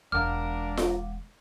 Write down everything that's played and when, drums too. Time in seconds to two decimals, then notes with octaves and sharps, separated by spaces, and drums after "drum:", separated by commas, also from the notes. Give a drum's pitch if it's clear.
0.12 E1 G#3 D4 A#4 F5 F#5 D6 F6
0.77 drum: snare F4